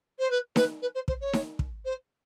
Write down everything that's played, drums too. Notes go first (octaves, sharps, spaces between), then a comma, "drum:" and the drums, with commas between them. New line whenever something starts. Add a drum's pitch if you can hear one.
C5
B4
B4, drum: snare D#4
B4
C5
C5, drum: kick
C#5
drum: snare D#4
drum: kick
C5